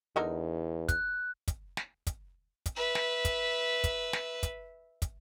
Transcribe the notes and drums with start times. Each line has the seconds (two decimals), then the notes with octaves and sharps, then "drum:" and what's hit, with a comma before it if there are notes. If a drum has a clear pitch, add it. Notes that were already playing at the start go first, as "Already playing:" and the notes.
0.16 E2 D3 D#4 A#4
0.88 F#6, drum: kick, hi-hat
1.48 drum: kick, hi-hat
1.77 drum: snare
2.07 drum: kick, hi-hat
2.66 drum: kick, hi-hat
2.76 B4 E5
2.95 drum: snare
3.25 drum: kick, hi-hat
3.84 drum: kick, hi-hat
4.13 drum: snare
4.43 drum: kick, hi-hat
5.02 drum: kick, hi-hat